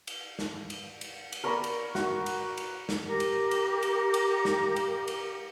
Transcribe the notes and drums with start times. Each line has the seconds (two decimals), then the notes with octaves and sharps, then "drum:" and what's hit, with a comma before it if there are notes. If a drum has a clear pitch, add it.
0.07 drum: cymbal
0.39 drum: snare
0.70 drum: cymbal
1.01 drum: cymbal
1.32 drum: cymbal
1.44 A#4 C#5 D5 B5
1.64 drum: cymbal
1.95 F#4, drum: snare
2.26 drum: cymbal
2.57 drum: cymbal
2.89 drum: snare
3.07 G4 A#4 D6
3.20 drum: cymbal
3.51 drum: cymbal
3.83 drum: cymbal
4.14 drum: cymbal
4.45 drum: snare
4.76 drum: cymbal
5.08 drum: cymbal